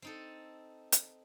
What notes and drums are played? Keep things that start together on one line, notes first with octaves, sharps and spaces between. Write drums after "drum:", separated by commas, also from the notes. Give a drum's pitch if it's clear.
C4 D#4 A4
drum: hi-hat